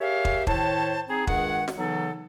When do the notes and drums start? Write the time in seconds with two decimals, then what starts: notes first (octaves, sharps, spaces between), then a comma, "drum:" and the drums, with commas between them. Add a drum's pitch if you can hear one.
0.01 G4 G#4 A#4 C#5 E5 F5
0.25 drum: kick
0.47 A2 D#3 C5 C#5 A5, drum: kick
1.08 C4 D#4 G#4
1.27 C#2 G2 D#3 G#4 F#5, drum: kick
1.68 drum: snare
1.77 C#3 E3 F#3 B3 D#4 A4